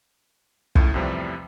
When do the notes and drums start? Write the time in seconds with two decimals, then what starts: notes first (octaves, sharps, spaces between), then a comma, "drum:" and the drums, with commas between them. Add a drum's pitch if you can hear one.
0.75 C#2 A2, drum: kick
0.94 E2 A2 C3 F3 G3